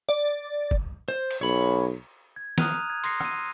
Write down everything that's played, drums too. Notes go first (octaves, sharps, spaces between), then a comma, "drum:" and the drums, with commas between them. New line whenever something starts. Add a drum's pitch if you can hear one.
D5
drum: kick
C5
drum: cymbal
B1 C#5 B5
G#6
A#5 D#6 F6 F#6 D#7 F7, drum: snare
G#6
C6 D#6 A#6 C7 C#7, drum: cymbal
E6 D#7, drum: rim click